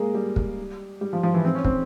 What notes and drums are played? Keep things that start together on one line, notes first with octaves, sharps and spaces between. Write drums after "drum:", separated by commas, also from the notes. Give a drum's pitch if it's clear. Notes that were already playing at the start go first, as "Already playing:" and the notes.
Already playing: G#3 A#3
G3
drum: kick
G3
F3
F3
E3
C4
C#4
C4, drum: kick